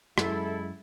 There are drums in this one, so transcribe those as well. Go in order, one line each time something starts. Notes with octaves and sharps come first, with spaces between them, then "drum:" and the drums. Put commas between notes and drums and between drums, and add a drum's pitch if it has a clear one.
F#2 G#3 E4 A4, drum: rim click